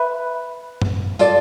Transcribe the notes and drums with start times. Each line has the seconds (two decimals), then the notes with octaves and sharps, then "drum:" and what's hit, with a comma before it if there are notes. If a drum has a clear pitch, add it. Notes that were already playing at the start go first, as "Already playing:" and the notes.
Already playing: B4 E5 B5
0.82 drum: tom F#2
1.19 F4 A4 D5, drum: tambourine